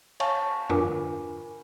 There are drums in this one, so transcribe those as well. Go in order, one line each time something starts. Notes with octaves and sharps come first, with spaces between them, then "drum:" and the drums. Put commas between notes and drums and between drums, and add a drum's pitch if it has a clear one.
C#5 F5 G#5 A5 C#6, drum: cymbal
D4 F4 A#4 B4 G#5 D6, drum: tom F2